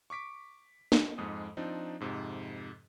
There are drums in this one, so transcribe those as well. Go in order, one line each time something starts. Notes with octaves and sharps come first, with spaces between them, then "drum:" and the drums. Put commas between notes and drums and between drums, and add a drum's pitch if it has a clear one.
C#6 D6 B6 D7
drum: snare
F2 G#2 G#3 D#6
F3 C4 D4 D#4
F2 G#2 C3